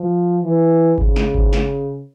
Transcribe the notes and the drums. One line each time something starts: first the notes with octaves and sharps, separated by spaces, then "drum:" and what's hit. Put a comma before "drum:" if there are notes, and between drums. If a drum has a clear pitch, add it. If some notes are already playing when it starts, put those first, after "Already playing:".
Already playing: F3
E3
C#3, drum: kick G#1
drum: snare
drum: kick G#1
drum: snare